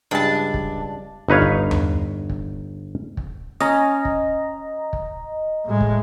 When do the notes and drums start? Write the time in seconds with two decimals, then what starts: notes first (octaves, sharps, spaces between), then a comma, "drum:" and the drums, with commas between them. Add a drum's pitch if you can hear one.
0.11 C#2 G2 G#3 D4 A5
0.54 drum: kick
1.29 G1 D#4 B4 C#5 F5
1.42 drum: kick
1.71 drum: tom E2
2.30 drum: kick
3.17 drum: kick
3.60 C#4 D#5 A#5
4.05 drum: kick
4.93 drum: kick
5.66 A2 G#3
5.81 drum: kick